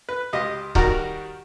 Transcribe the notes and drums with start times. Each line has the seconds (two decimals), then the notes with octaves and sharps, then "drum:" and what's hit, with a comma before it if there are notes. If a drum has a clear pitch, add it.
0.09 B4
0.33 C#2 G4 D#5 F5
0.75 D#3 G3 F#4 A#4 A#5, drum: kick C#1